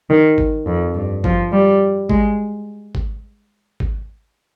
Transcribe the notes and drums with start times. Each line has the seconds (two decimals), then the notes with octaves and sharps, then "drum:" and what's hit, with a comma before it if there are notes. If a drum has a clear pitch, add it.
0.10 D#3
0.38 drum: kick G#1
0.67 F2
0.94 G2
1.24 F3, drum: kick G#1
1.52 G3
2.10 G#3, drum: kick G#1
2.95 drum: kick G#1
3.80 drum: kick G#1